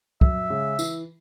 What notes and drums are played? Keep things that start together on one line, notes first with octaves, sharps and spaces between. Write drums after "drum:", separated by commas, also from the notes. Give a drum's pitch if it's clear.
F#2 E5, drum: kick
C#3 G#3 C#4 G#4
E3, drum: tambourine